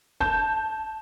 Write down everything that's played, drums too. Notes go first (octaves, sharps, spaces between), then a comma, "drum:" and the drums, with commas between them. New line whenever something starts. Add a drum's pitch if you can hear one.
A5 G6, drum: kick